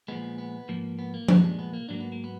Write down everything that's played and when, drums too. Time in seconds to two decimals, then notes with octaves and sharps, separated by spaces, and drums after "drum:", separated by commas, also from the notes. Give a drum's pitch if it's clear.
0.08 A#2 F3 G#3 B3
0.38 B3
0.68 G#2 F3 A#3
0.99 B3
1.14 A#3
1.28 B1 A#2 F3 G#3 B3, drum: tom F3
1.44 D4
1.59 B3
1.73 A#3
1.89 G#2 F#3 A#3 D4
2.00 B3
2.12 A#3
2.24 B3